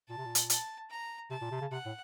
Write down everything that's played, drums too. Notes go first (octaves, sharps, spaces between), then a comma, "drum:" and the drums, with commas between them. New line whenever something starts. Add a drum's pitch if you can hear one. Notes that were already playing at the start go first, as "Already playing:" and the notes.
A#2 A5
C3
A#2
drum: hi-hat
A5, drum: hi-hat
A#5
C3 A5
A#2
C3
C#3
C3 F#5
A2